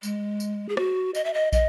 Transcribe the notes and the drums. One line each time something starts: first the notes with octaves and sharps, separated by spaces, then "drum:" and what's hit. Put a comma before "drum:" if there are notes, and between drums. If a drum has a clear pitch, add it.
G#3, drum: tambourine
drum: tambourine
G#4
F#4, drum: rim click
D#5, drum: tambourine
E5
D#5
D#5, drum: kick, tambourine